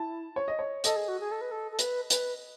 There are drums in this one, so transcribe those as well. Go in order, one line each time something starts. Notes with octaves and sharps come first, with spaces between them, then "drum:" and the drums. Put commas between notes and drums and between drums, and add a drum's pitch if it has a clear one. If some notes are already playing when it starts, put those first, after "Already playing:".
Already playing: E4 A5
C#5
D#5
C#5
A4 D#5, drum: hi-hat
G#4
F#4
G#4
A4
B4
A4
A4
B4, drum: hi-hat
B4, drum: hi-hat